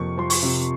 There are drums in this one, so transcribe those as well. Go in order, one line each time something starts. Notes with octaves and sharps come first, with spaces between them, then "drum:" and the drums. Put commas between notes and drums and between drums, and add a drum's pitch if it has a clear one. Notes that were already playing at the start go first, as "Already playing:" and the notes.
Already playing: F2 C3 F3 A#3 C#6
F3 C6
C#6, drum: open hi-hat
C3